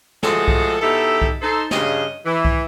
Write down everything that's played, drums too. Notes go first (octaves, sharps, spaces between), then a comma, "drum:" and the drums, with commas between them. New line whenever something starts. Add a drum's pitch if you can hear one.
F3 G#3 A3 F#4 G#4 A4, drum: snare
drum: kick C2
B2 D#4 E4 G4 A4
drum: kick C2
D#4 A4 C5
G2 C#3 D#5, drum: snare
E3
drum: kick C2